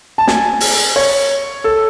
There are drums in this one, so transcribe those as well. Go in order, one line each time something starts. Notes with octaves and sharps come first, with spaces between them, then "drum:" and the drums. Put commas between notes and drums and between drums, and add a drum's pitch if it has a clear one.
A5
G#5, drum: snare
drum: open hi-hat
C#5
A4